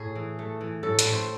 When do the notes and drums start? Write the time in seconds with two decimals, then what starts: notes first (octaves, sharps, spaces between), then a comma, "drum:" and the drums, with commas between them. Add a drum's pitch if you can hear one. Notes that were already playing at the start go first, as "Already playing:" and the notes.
Already playing: A2 G#4
0.15 E3
0.39 A3
0.61 E3
0.83 A2 A4
0.99 B4, drum: hi-hat
1.06 A2
1.13 C5